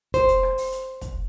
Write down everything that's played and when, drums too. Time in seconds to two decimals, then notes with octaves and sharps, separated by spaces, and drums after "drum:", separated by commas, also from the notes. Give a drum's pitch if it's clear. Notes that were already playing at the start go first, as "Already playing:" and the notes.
0.14 C5, drum: kick, hi-hat
0.29 drum: hi-hat
0.43 drum: rim click
0.58 drum: open hi-hat
0.72 drum: hi-hat
1.01 drum: kick, hi-hat